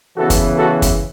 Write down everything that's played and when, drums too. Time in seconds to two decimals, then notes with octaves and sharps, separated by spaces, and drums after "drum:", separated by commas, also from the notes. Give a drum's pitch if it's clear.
0.16 C#3 E3 B3 F#4 A4
0.30 drum: kick, hi-hat
0.56 F#4 A4
0.82 drum: kick, hi-hat